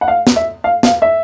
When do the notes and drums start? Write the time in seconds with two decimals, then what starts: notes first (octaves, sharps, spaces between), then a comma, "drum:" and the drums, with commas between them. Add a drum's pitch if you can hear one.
0.01 F#5
0.08 F5
0.27 drum: snare
0.36 E5
0.64 F5
0.83 F5, drum: snare
1.02 E5